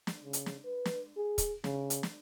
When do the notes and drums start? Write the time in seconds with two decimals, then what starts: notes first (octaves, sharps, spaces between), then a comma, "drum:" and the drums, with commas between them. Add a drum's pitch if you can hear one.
0.07 drum: snare
0.24 C#3
0.33 drum: hi-hat
0.46 drum: snare
0.65 B4
0.86 drum: snare
1.16 G#4
1.38 drum: kick, hi-hat
1.64 C#3, drum: snare
1.90 drum: hi-hat
2.03 drum: snare